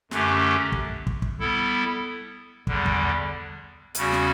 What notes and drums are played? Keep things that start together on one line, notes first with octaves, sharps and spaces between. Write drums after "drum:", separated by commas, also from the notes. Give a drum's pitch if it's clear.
F#2 D3 A3 C#4 G4, drum: snare
drum: kick
drum: kick
drum: kick
G3 B3 E4 A4
E2 D3 G3, drum: kick
drum: kick
E2 C#3 G3 C#4 F#4, drum: hi-hat
drum: snare